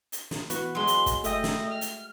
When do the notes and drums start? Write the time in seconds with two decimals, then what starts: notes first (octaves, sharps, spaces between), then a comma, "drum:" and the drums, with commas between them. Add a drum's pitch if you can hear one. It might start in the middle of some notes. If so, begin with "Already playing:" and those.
0.12 drum: hi-hat
0.31 drum: snare
0.50 E3 B3 F#4 B5, drum: hi-hat
0.75 F#3 G#3 C6
0.87 drum: hi-hat
1.06 drum: kick, hi-hat
1.24 A3 D#5 E5 G5, drum: hi-hat
1.44 drum: snare
1.69 F6
1.81 drum: hi-hat